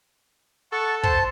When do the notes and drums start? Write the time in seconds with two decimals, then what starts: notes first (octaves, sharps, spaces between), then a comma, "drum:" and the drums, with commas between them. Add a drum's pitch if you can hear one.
0.72 A4 F#5 A5 C#6
1.03 C5 A5 C6, drum: kick